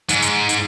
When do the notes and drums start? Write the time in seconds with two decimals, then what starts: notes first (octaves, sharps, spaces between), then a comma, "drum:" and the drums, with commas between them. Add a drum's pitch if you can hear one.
0.09 G#2, drum: hi-hat
0.22 drum: hi-hat
0.49 drum: hi-hat